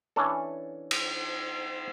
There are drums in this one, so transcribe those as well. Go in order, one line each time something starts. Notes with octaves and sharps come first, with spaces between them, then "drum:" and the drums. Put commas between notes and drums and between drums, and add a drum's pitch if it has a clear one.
E3 C#4 D4 A4
drum: cymbal